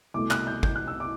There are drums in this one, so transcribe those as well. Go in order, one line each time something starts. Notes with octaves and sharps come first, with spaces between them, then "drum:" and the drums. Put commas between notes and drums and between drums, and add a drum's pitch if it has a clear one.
C2 B2 A3 D6
F#6, drum: clap
G6
G6, drum: kick
F#6
E6
D6